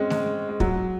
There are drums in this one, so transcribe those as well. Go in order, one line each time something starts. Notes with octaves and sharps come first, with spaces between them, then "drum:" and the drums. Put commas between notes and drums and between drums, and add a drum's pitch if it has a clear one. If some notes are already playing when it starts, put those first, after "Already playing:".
Already playing: G#3 C4 C#4
G#3, drum: snare A3
G#3
F#3, drum: kick